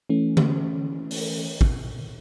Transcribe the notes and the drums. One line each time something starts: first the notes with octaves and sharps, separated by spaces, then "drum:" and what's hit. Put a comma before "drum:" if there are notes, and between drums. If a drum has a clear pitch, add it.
E3 A3 C#4
drum: tom D3
drum: open hi-hat
drum: kick